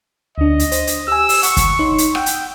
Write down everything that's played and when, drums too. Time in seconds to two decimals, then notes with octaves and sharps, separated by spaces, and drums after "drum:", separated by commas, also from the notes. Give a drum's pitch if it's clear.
0.38 D2 D4 D#5
0.59 drum: hi-hat
0.72 C5, drum: hi-hat
0.87 drum: hi-hat
1.08 G4 G#5 E6
1.29 drum: open hi-hat
1.43 F#5 C#6, drum: hi-hat
1.57 drum: kick, hi-hat
1.79 D#4 C#5 C6
1.98 drum: hi-hat
2.15 F#5 G5 D#6 E6, drum: rim click
2.26 drum: hi-hat